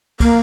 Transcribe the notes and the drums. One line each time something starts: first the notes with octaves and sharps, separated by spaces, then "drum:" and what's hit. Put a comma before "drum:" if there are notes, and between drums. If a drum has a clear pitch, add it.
A#3, drum: kick, cymbal